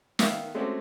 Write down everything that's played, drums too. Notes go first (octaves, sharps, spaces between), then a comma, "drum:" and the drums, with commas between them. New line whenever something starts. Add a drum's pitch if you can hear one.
D#3 B3 E5 F5 D#6, drum: snare
G#3 A3 C4 C#4 F#4 G4